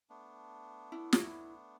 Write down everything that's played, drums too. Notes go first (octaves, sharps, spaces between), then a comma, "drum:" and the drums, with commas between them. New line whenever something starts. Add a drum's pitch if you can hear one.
A3 B3 D4
E4
drum: snare